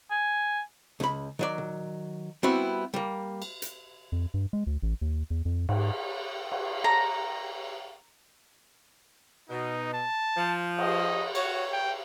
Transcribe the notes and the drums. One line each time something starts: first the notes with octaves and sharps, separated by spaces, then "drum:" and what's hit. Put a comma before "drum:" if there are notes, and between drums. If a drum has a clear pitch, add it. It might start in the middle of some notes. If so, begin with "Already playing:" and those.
G#5
C#2 B5, drum: snare
D#3 F#3 D5
drum: tom A#2
G3 B3 C4 E4 F#4
G3 A#3
drum: cymbal
drum: hi-hat
F2
G2
G#3
D2
A1
D#2
E2
F2
G#2, drum: cymbal
drum: cymbal
A#5
B2 D#4
A5
F3
D#5, drum: cymbal
F#4 C#5, drum: cymbal
G5